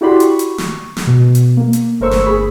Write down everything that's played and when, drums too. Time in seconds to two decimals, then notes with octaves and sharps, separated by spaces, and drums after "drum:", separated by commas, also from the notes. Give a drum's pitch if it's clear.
0.01 E4 F#4 G4 D5 B5 C6
0.20 C#6, drum: hi-hat
0.39 drum: hi-hat
0.58 drum: snare
0.97 drum: snare
1.07 B2
1.35 drum: hi-hat
1.57 A#3
1.73 drum: hi-hat
2.00 G1 A3 A#4 C5 C#6 E6
2.11 drum: snare
2.26 G1 G#4 B5 B6